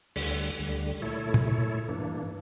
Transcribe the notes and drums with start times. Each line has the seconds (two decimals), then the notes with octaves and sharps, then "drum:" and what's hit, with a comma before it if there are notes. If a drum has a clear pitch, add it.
0.16 D2 D3 G3, drum: open hi-hat
0.59 D2 D3 G3
1.02 A#2 A3 E4 A4 C#5
1.34 drum: tom
1.45 A#2 A3 E4 A4 C#5
1.88 G2 E3 A#3 D4